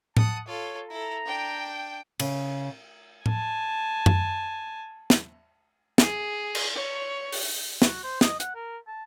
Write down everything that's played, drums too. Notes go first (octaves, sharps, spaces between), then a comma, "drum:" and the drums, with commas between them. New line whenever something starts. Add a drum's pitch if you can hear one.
F#5 A5 D#6, drum: tom A2
F4 A4 C#5
E4 A4 A#5
D4 G5
C#3, drum: cymbal
G#5 A5, drum: tom A2
drum: tom F#2
drum: snare
G#4, drum: snare
drum: cymbal
C#5
drum: open hi-hat
F#4, drum: snare
C5
D#5, drum: snare
F#5, drum: hi-hat
A#4
A5